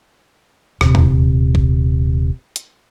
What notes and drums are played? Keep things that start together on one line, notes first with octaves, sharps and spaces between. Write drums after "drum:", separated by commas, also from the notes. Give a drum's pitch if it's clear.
D#1 C3, drum: rim click
drum: tom E2
drum: kick
drum: hi-hat